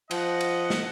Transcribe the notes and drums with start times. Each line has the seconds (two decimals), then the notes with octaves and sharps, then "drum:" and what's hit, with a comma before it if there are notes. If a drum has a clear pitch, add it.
0.11 F3 D#5 F#5, drum: cymbal
0.41 drum: cymbal
0.70 drum: snare